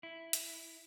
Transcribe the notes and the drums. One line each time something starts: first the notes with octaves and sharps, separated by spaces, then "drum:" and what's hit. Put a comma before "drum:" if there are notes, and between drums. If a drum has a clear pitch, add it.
E4
drum: hi-hat